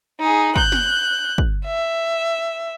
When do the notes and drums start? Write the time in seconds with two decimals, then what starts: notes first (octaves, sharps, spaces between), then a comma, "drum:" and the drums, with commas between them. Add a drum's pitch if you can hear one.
0.20 D#4 G#4
0.56 F#6 G6, drum: kick
0.72 drum: snare
1.38 drum: kick
1.66 E5